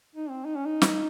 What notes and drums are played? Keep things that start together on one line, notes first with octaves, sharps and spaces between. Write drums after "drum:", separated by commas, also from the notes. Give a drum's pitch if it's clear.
D#4
C4
D#4
C#4
D#4
drum: snare